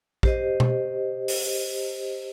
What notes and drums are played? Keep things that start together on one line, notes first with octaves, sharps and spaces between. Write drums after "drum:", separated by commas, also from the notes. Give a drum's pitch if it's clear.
G4 C5 D#5, drum: kick A#1
drum: tom B2
drum: open hi-hat